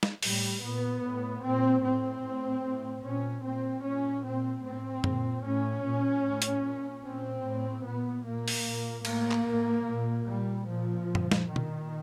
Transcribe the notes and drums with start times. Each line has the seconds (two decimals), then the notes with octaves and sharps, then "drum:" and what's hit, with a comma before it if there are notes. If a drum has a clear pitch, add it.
0.03 drum: snare
0.23 A2 G3, drum: open hi-hat
0.62 A#2 B3
1.03 A2
1.43 A#2 C4
1.83 A2 C4
2.23 A2
2.63 A2
3.03 A#2 C#4
3.44 A#2 C4
3.84 A#2 C#4
4.24 A#2 C4
4.64 A2 C4
5.04 A#2, drum: tom
5.44 A2 C#4
5.84 A#2
6.25 A2
6.42 drum: hi-hat
6.64 A#2
7.04 A#2 C4
7.45 A2
7.85 A#2 B3
8.25 A#2 A#3
8.48 drum: open hi-hat
8.65 A#2
9.05 A2 A#3, drum: cymbal
9.31 drum: clap
9.46 A2
9.86 A#2
10.26 A#2 G3
10.65 A#2 F3
11.06 A#2
11.15 drum: tom
11.32 drum: snare
11.46 A#2 D#3
11.56 drum: tom